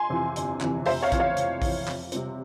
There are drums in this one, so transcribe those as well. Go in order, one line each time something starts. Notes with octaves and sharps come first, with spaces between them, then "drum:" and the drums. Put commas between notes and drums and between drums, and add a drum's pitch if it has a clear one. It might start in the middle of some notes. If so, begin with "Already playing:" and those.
Already playing: G#5 C6
F2 C3 E3
G1, drum: hi-hat
F2 C3 E3, drum: clap
F1 C5 E5, drum: open hi-hat
C#5 F5
F2 E3, drum: kick A#1, hi-hat
C#5 F5
F1, drum: hi-hat
F2 E3, drum: kick A#1, open hi-hat
F2, drum: clap
C3 G3 C4, drum: hi-hat